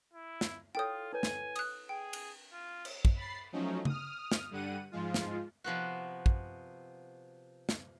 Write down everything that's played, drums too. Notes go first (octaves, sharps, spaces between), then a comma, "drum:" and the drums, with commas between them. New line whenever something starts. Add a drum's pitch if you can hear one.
E4
drum: snare
E4 F4 A4 C#5 G5 D#6
E4 B4 C#5 G#5
drum: snare
D#6 F#6, drum: cymbal
G#4 G5
drum: cymbal
F4
drum: cymbal
drum: kick
B5 A6 C7
F3 F#3 A3 C#4 D#4
D#6 F6, drum: tom C#3
drum: snare
G2 D3 G3 F#5 D#7
G#2 F3 G#3 F4
drum: snare
C3 F3 B3 F#4
drum: kick
drum: snare